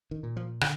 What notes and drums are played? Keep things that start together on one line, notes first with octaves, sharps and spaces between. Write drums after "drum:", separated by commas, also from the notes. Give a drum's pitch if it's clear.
D#3
A#2
F3
D3, drum: rim click